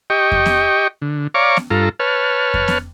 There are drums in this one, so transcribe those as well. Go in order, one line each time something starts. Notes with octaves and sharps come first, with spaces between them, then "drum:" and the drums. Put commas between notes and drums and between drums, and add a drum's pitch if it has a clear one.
G4 D#5 G5 C#6
drum: kick F2
drum: snare B3
D3
C#5 D5 F5 A#5 C#6 D6
drum: snare B3
G2 F4 A4 A#5
B4 C#5 A5 F6
drum: kick F2
drum: snare B3